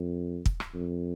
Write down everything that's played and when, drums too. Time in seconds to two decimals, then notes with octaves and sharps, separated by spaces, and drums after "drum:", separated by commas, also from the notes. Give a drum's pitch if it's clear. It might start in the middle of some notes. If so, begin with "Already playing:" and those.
Already playing: F2
0.46 drum: kick
0.60 drum: rim click
0.75 F2